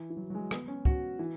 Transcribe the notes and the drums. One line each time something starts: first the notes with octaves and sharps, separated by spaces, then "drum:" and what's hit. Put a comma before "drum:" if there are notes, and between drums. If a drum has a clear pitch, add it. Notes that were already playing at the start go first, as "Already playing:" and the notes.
Already playing: E3
E3
F#3
F#3
G#3
B3, drum: rim click
C#4
F#4, drum: kick
E3